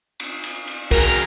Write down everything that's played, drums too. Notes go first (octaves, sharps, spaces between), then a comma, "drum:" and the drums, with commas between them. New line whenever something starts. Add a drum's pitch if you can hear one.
drum: cymbal
drum: cymbal
drum: cymbal
F#4 G#4 A#4, drum: kick B1, cymbal